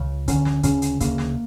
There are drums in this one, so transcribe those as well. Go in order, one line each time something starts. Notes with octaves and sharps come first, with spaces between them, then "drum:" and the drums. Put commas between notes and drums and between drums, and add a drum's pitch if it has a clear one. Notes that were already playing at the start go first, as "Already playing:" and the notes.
Already playing: C#2 C#3
D2 D3 C#4, drum: kick, hi-hat
drum: snare
D2 C#3 C#4, drum: kick, hi-hat
drum: hi-hat
D2 C#3 A#3, drum: kick, hi-hat
drum: snare